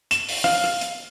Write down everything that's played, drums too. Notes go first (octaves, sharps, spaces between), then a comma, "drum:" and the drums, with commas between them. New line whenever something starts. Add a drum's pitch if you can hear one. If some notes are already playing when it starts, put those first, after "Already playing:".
E7, drum: hi-hat
drum: open hi-hat
F5, drum: rim click
drum: rim click
drum: hi-hat